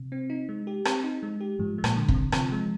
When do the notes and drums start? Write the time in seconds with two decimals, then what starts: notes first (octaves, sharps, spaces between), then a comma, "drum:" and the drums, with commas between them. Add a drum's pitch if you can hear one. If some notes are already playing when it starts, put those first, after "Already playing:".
Already playing: C3
0.12 C4
0.30 D#4
0.49 G#3
0.67 G4
0.85 C4, drum: rim click
1.04 D#4
1.23 G#3
1.40 G4
1.59 G#2 F3 G#3
1.78 G#3
1.84 A#2 A#3, drum: rim click
1.96 D3
2.08 C3 C4, drum: kick
2.14 D3
2.32 C3 F3 C4, drum: rim click
2.52 G#3